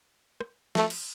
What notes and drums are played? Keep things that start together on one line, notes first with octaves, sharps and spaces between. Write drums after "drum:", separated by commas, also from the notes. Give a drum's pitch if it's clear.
drum: rim click
A3, drum: snare
drum: cymbal